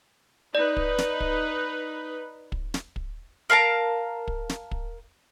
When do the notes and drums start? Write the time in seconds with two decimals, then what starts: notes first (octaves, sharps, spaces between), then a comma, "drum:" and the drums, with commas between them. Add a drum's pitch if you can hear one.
0.55 D#4 B4 D5
0.77 drum: kick
0.98 drum: snare
1.20 drum: kick
2.52 drum: kick
2.74 drum: snare
2.96 drum: kick
3.50 A#4 F5 A5 A#5
4.28 drum: kick
4.49 drum: snare
4.71 drum: kick